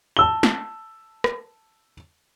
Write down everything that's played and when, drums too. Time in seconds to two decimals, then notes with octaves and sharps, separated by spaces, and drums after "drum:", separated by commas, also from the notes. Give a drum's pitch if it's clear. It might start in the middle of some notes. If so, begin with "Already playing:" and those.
0.17 A5 E6 G7
0.43 drum: snare
1.24 drum: rim click